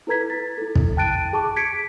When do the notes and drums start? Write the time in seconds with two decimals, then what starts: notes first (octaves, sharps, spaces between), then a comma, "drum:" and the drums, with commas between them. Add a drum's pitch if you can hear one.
0.07 E4 A4 B4 A#5 G#6 B6
0.30 A6
0.58 E4 A4
0.75 drum: kick
0.97 G5 A5 F#6 A6 D7 D#7
1.33 G#4 A5 C#6 D6
1.56 G#6 B6 C#7 D7